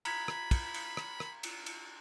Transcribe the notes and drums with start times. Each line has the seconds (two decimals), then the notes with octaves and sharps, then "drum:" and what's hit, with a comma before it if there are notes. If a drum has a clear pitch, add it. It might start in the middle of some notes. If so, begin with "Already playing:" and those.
0.05 A#5 B5 G#6 B6, drum: cymbal
0.28 drum: rim click
0.51 drum: kick, cymbal
0.74 drum: cymbal
0.97 drum: rim click
1.20 drum: rim click
1.43 drum: cymbal
1.66 drum: cymbal